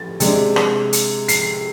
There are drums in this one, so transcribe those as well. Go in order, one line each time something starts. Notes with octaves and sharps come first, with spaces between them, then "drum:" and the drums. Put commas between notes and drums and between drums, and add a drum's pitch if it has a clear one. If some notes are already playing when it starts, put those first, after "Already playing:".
Already playing: A6
C3 G#3 D4, drum: hi-hat
drum: rim click
drum: hi-hat
C7, drum: hi-hat